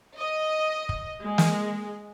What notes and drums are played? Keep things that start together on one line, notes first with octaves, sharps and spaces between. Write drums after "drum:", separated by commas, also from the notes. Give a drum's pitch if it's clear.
D#5
drum: kick
G#3
drum: snare